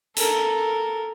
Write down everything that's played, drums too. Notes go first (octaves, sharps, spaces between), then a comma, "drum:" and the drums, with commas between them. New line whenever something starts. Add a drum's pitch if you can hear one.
A4 A#4, drum: hi-hat